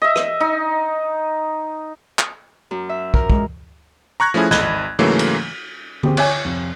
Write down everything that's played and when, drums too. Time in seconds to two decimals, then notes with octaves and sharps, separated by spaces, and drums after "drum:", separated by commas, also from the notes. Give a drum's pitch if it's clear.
0.02 D#5 E5
0.16 drum: rim click
0.40 D#4
2.19 drum: clap
2.71 F#2
2.89 E5
3.14 A#4, drum: kick
3.30 G#3, drum: kick
4.20 A#5 C#6 F#6 G#6 A#6
4.34 F3 A3 C#4 E4 G#4
4.51 G#1 D#5 B5 F#6 G#6, drum: snare
4.99 G#2 C#3 E3 F#3 A3 A#3
5.19 drum: cymbal
6.03 C4 G4 G#4, drum: tom D3
6.17 C#5 E5 G#5 D6, drum: cymbal
6.45 F2 C3